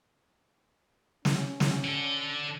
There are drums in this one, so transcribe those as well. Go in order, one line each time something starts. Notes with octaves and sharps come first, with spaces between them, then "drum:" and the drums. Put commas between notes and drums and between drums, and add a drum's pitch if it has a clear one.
C#4, drum: snare
drum: snare
D3 A4